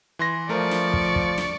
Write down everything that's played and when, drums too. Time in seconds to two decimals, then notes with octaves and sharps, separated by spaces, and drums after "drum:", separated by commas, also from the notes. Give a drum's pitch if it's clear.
0.19 E3 C6 A#6
0.49 F3 A3 A#4 D5 C#6
0.71 drum: snare
0.93 drum: kick
1.16 drum: kick
1.38 drum: snare